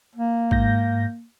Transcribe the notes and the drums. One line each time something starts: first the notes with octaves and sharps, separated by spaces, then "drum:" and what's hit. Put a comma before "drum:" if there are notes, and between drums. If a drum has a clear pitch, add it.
A#3
G#2 G6 A#6, drum: kick